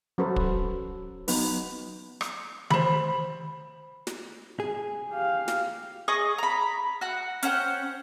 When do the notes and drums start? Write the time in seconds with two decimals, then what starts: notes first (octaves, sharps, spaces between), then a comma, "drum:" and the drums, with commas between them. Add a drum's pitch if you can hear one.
0.18 F#3 C#4 F#4 A4 B4 C5
0.36 drum: kick
1.28 F#3 B3 D#4 B4, drum: open hi-hat
2.21 drum: rim click
2.70 C5 B5, drum: tom D#3
4.07 drum: snare
4.60 G#4
5.09 G4 F5
5.48 drum: snare
6.08 G#4 D#5 C#6 D#6
6.38 A#5 B5
7.01 F#4 F#5
7.43 C#4 C5 F#5 G5, drum: hi-hat